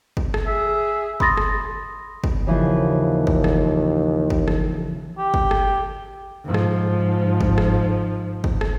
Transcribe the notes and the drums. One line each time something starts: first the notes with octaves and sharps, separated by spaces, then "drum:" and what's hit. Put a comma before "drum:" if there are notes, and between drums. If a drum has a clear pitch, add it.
drum: kick
drum: rim click
G#4 E5
B5 C6 D#6 A6 A#6, drum: kick
drum: rim click
drum: kick
D#2 C#3 E3 F3
drum: kick
drum: rim click
drum: kick
drum: rim click
G4
drum: kick
drum: rim click
G#2 F3
drum: rim click
drum: kick
drum: rim click
drum: kick
drum: rim click